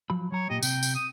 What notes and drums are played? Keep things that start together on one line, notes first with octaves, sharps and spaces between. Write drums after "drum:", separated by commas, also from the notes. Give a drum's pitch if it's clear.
F3 F#3 B5
F#3 C#5 A#5
A#2 G4 D#5
C3 G5, drum: tambourine
drum: tambourine
D#6